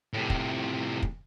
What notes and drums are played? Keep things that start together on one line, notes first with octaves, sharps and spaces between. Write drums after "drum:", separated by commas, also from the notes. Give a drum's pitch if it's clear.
A2 C3
drum: kick
drum: kick